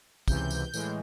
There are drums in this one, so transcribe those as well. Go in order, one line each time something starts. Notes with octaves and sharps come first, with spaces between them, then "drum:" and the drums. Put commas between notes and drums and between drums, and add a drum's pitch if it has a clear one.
C#2 C3 E3 G6, drum: kick, tambourine
drum: tambourine
A2 E3 G#3, drum: tambourine